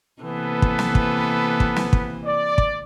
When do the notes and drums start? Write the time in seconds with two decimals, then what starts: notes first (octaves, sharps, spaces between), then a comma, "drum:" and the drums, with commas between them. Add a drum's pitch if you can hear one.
0.22 C3 E3 A#3 B3 A4 B4
0.62 drum: kick
0.79 drum: snare
0.95 drum: kick
1.60 drum: kick
1.76 drum: snare
1.93 drum: kick
2.25 D5
2.58 drum: kick